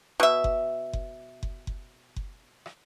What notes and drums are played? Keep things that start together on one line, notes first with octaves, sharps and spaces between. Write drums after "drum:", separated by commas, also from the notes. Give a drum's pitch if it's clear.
B2 E5
drum: kick F#1
drum: kick F#1
drum: kick F#1
drum: kick F#1
drum: kick F#1
drum: rim click